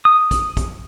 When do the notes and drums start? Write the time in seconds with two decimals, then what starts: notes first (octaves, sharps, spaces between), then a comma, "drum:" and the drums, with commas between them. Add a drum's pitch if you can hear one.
0.05 D#6
0.31 drum: kick, hi-hat
0.57 drum: kick, hi-hat